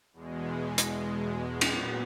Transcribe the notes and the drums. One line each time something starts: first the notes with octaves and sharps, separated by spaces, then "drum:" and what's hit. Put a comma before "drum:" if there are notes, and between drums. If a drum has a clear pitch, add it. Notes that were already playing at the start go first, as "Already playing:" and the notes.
E2 B2 G#3
drum: hi-hat
A#2 F#3 B3, drum: cymbal